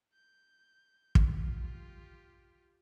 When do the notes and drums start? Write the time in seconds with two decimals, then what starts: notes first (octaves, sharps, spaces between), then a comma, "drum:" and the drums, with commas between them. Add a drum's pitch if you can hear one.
0.13 G6
1.15 F4 G4, drum: kick